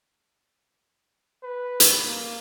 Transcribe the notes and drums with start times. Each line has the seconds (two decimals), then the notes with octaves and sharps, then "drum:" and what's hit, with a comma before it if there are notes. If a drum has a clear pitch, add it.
1.44 B4
1.80 drum: hi-hat
2.06 A#3